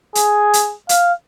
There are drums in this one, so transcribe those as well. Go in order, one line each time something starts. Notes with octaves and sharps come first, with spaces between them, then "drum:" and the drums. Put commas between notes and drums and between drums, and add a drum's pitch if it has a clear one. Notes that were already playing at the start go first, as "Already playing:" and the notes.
G#4, drum: hi-hat
drum: hi-hat
F5, drum: hi-hat